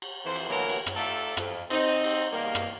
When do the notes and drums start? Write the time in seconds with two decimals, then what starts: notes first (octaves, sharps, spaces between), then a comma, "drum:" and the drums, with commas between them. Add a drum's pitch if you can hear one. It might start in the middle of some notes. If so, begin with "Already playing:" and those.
0.02 drum: cymbal
0.25 F2 E3 C5
0.36 drum: cymbal
0.49 D2 B2 E3 F#3 A#3 A#4
0.69 drum: cymbal
0.86 drum: rim click
0.96 A3 D#4 F4 A4 D5 E5
1.37 F2, drum: rim click
1.70 C4 D#4, drum: cymbal
2.04 drum: cymbal
2.32 B2 D#3 G3 A#3
2.55 drum: rim click